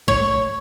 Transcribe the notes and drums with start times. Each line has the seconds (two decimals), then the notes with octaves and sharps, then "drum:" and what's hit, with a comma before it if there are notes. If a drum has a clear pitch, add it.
0.08 C#5, drum: kick